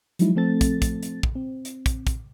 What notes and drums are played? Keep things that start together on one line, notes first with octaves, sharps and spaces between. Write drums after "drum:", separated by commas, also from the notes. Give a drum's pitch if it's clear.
F3 F#3 G#3 D#4 E4, drum: hi-hat
F3 A3 C4 A4 A6
drum: kick, hi-hat
drum: kick, hi-hat
drum: hi-hat
drum: kick
C4
drum: hi-hat
drum: kick, hi-hat
drum: kick, hi-hat